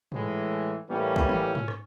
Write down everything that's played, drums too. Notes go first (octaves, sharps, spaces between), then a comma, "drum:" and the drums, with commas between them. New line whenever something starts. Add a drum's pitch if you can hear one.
A2 E3 G#3, drum: tom G#2
A2 E3 G3 A#3 C#4
drum: kick
drum: tom D#3
drum: tom G#2
drum: rim click